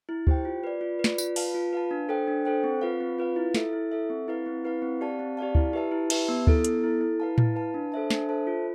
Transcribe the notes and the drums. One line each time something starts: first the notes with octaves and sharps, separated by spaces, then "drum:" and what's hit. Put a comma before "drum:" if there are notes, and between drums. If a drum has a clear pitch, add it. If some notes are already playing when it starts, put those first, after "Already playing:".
E4
G4 C5 G5, drum: kick D2
F4
B4 D5
F4
B4
D5, drum: snare
F4, drum: tambourine
B4 F5 A5, drum: open hi-hat
F4
B4 F5 A5
D4
A4 C5 G5
D4
A4 C5 G5
C4
F4 B4 F5
C4
F4 B4 F5
E4
A4 E5, drum: snare
E4
A4 E5
C4
E4 B4 F5
C4
E4 B4 F5
C4
G4 D5 F5 A5
C4
G4 D5 F5 A5
E4, drum: kick D2
G4 B4 E5 A5
E4
G4 B4 E5 A5, drum: cymbal
B3
E4 A4, drum: kick D2
B3, drum: hi-hat
E4 A4
E4
B4 F5 A5
E4, drum: tom A2
B4 F5 A5
D4
A4 C5 E5 A5
D4, drum: snare
A4 C5 E5 A5
F4